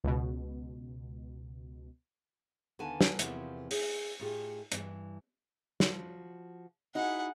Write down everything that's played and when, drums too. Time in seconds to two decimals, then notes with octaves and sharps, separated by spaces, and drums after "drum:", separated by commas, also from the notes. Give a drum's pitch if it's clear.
0.04 C#2 B2
2.79 D#2 D3 B3 G#5 A5
3.01 drum: snare
3.19 E2 C3 F3 A#3 E4 F#4, drum: hi-hat
3.71 G#4, drum: open hi-hat
4.20 A2 D#4 F4 G4 G#4
4.72 G2 E3, drum: hi-hat
5.80 F3 F#4, drum: snare
6.95 D#4 E4 F#4 G#4 F#5